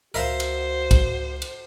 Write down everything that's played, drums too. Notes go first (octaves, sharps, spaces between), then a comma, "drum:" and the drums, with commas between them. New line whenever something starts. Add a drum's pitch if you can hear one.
C#2 F#4 A#4 C5 E5 F5
drum: cymbal
drum: kick, cymbal
drum: cymbal